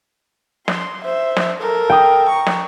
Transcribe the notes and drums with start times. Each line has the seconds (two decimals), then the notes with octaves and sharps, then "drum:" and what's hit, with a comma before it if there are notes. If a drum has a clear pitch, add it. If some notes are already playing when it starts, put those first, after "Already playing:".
0.68 C6, drum: snare
1.05 C5 E5
1.37 drum: snare
1.59 A4 A#4
1.90 G5 D#6
2.29 A#5 C#6
2.47 drum: snare